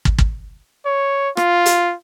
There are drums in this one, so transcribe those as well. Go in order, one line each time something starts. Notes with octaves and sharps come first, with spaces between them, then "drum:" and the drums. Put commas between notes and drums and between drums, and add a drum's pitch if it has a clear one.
drum: kick
drum: kick
C#5
F4, drum: rim click
drum: hi-hat